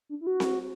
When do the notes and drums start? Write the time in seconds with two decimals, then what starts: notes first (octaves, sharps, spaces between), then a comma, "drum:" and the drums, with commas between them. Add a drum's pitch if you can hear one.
0.09 D4
0.21 E4
0.27 F#4
0.40 drum: snare C4